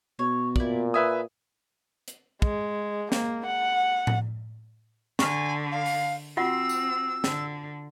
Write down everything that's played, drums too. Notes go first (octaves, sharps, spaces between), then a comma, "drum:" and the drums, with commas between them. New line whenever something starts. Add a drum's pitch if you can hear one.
B2 C#5
A#2 E4 D5, drum: kick
B4 E5 G#5 D#6
drum: hi-hat
G#3, drum: kick
A#3, drum: snare
F#5
drum: tom A2
D3 G#5 C#6, drum: snare
F5
drum: open hi-hat
C4 F4 F#4 F#5 E6
drum: tambourine
D3, drum: snare